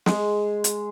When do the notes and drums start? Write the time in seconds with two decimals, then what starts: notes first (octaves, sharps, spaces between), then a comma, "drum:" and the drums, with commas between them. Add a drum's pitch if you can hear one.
0.06 G#3, drum: snare
0.64 drum: hi-hat